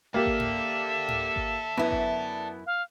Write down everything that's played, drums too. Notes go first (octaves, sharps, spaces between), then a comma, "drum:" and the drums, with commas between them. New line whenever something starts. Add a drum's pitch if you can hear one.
A#3 G4 A4 D5 E5
drum: kick G#1
drum: tom G#2
drum: tom G#2
drum: kick G#1
F#2 B3 E4
drum: kick G#1
F5